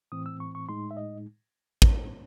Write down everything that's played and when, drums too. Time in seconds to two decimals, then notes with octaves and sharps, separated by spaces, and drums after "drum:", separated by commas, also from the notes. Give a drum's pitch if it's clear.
0.12 A2 E3 C4 D#6
0.26 E6
0.40 C#6
0.55 C#6
0.69 A2 G#3 D#4 C6
0.91 E5
0.97 D#5
1.82 drum: kick